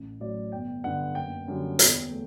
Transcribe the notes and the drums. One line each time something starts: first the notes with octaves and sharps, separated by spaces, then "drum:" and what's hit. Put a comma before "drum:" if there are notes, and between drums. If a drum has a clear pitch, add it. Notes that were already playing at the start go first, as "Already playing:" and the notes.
Already playing: A1
A2 F#3 D5
G1 G5
G2 D3 F#5
F#1 G5
F#2 D3 G3
E2, drum: hi-hat
A3